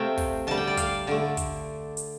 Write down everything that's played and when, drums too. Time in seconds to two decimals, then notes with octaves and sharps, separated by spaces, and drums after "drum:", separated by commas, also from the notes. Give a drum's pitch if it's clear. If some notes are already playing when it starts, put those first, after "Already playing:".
Already playing: C3 A3 F5 G5
0.18 drum: kick, open hi-hat
0.47 D3 G3 A5
0.57 G5
0.67 D5
0.77 F5, drum: kick, hi-hat
1.07 D3 A3
1.37 drum: kick, hi-hat
1.97 drum: hi-hat